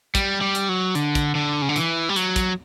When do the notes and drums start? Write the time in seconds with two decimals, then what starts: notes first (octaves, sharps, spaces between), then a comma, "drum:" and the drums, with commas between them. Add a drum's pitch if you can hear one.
0.15 G3, drum: kick, hi-hat
0.41 G3
0.55 drum: hi-hat
0.69 F#3
0.95 D3, drum: hi-hat
1.15 drum: kick, hi-hat
1.35 D3
1.62 C#3
1.69 D3
1.76 E3, drum: hi-hat
2.09 G3
2.16 F#3, drum: hi-hat
2.36 drum: kick, hi-hat